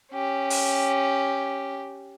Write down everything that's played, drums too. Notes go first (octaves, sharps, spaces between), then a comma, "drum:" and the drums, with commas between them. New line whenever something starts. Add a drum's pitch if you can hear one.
C#4 G4
drum: open hi-hat